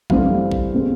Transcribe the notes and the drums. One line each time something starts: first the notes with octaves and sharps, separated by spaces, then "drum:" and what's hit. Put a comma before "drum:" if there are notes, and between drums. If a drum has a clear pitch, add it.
G2 E3 A3 C4 F5, drum: kick A#1
drum: kick A#1
B2 G#3 C4